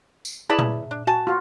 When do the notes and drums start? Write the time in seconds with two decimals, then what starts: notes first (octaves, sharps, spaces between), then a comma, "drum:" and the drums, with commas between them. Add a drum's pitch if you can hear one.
0.25 drum: tambourine
0.50 E4 G#4 B4 D5 A5 B5
0.59 drum: tom A#2
0.91 D4
1.07 F#4 G#5 A5
1.27 F4 F#4